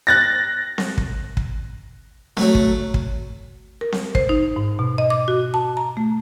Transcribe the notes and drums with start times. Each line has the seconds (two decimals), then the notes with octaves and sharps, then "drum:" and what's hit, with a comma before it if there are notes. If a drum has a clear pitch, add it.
0.07 F#6 A6 A#6
0.78 drum: snare C4
0.98 drum: kick
1.37 drum: kick
2.37 F#3 A3, drum: snare C4
2.55 drum: kick
2.94 drum: kick
3.81 A#4
3.92 drum: snare C4
4.15 C5, drum: kick
4.29 D#4
4.56 G#2
4.79 B2
4.98 D#5
5.10 D6
5.28 F#4
5.54 A5
5.77 A#5
5.97 A3